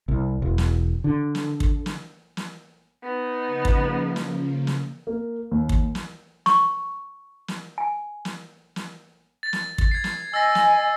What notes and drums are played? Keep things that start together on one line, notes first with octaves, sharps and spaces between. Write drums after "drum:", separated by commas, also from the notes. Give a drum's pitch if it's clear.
C2
E1
drum: snare
D3
drum: snare
drum: kick
drum: snare
drum: snare
B3 D#4
C#3 F3 A#3
drum: kick
drum: snare
drum: snare
A#3
D#2
drum: kick
drum: snare
C#6, drum: snare
drum: snare
G#5
drum: snare
drum: snare
A6
drum: snare
drum: kick
G#6 C7
drum: snare
D#5 G#5 E6 A6 A#6
drum: snare